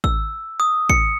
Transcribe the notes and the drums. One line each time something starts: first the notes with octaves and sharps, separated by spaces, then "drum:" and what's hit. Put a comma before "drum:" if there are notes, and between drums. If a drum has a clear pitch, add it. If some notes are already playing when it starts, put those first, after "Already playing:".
E6, drum: kick A1
D#6
C#7, drum: kick A1